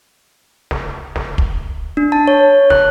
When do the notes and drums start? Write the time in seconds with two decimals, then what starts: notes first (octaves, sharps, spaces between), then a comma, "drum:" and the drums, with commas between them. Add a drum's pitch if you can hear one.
0.71 drum: snare
1.16 drum: snare
1.38 drum: kick
1.97 D4
2.12 A5
2.28 C#5
2.70 F#6, drum: snare